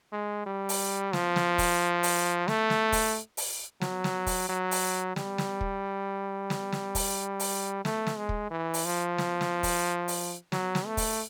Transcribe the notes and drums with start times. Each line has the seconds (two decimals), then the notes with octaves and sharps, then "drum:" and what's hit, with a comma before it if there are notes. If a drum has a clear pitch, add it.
0.12 G#3
0.46 G3
0.69 drum: open hi-hat
1.13 F3, drum: snare
1.36 drum: snare
1.58 drum: kick, open hi-hat
2.03 drum: open hi-hat
2.48 A3, drum: snare
2.70 drum: snare
2.92 drum: kick, open hi-hat
3.37 drum: open hi-hat
3.81 F#3, drum: snare
4.04 drum: snare
4.27 drum: kick, open hi-hat
4.49 F#3
4.71 drum: open hi-hat
5.16 G3, drum: snare
5.38 drum: snare
5.61 drum: kick
6.50 drum: snare
6.72 drum: snare
6.95 drum: kick, open hi-hat
7.40 drum: open hi-hat
7.85 A3, drum: snare
8.07 drum: snare
8.17 G#3
8.29 drum: kick
8.51 E3
8.74 drum: open hi-hat
8.85 F3
9.18 drum: snare
9.41 drum: snare
9.63 drum: kick, open hi-hat
10.08 drum: open hi-hat
10.52 F#3, drum: snare
10.75 drum: snare
10.86 A3
10.97 drum: kick, open hi-hat